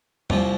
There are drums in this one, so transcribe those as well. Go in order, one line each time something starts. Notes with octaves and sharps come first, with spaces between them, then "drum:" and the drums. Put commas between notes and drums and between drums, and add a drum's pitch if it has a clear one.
C2 A#2 F3, drum: tom E2